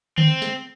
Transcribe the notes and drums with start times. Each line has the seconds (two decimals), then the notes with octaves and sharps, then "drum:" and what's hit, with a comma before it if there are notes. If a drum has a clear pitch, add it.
0.18 C4, drum: tom D3
0.42 drum: snare